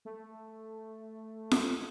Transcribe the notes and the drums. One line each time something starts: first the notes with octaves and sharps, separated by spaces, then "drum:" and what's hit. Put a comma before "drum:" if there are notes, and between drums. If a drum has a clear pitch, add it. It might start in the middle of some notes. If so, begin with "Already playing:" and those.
A3
drum: snare F4